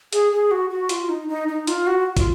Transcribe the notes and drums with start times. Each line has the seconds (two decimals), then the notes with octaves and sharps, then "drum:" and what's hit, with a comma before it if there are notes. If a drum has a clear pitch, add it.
0.13 G#4, drum: hi-hat
0.33 G#4
0.51 F#4
0.70 F#4
0.89 F4, drum: hi-hat
1.09 D#4
1.29 D#4
1.48 D#4
1.67 F4, drum: hi-hat
1.87 F#4
2.17 F4, drum: kick, hi-hat